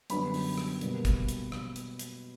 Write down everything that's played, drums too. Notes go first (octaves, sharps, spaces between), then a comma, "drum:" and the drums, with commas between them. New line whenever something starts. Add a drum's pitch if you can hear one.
F#2 D3 G3 B3 B5, drum: hi-hat
drum: open hi-hat
drum: rim click
B2 G3 A#3, drum: hi-hat
drum: kick, hi-hat
drum: hi-hat
drum: rim click
drum: hi-hat
drum: hi-hat